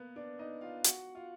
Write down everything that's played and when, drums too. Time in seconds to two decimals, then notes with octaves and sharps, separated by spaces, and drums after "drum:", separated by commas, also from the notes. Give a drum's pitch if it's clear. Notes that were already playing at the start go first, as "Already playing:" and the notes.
Already playing: A#3 B3 B4
0.16 D4 D5
0.39 D#4 D#5
0.61 F4 F5
0.84 F#4 F#5, drum: hi-hat
1.15 F4 F5